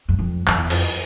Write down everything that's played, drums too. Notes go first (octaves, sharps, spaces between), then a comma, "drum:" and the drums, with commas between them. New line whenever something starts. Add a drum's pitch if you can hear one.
F#2
F2
F2, drum: clap
E2
F2, drum: cymbal